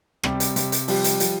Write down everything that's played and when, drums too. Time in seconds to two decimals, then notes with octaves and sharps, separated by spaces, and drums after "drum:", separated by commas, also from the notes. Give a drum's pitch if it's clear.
0.23 C3 G3 G4, drum: rim click
0.40 drum: hi-hat
0.56 C3, drum: hi-hat
0.72 drum: hi-hat
0.88 F3 G3 G4, drum: open hi-hat
1.04 drum: hi-hat
1.20 F3, drum: hi-hat